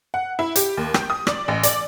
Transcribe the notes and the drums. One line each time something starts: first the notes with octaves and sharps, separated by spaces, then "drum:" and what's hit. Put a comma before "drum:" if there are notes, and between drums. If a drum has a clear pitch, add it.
F#5
E4
G4, drum: hi-hat
D#2
G5, drum: rim click
D#6
D5, drum: rim click
A1
D5, drum: hi-hat